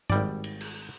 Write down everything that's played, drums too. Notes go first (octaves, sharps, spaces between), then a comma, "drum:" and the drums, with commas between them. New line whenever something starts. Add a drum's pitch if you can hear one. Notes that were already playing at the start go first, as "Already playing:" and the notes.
G#1 G3 D5, drum: tom G2
drum: cymbal
drum: cymbal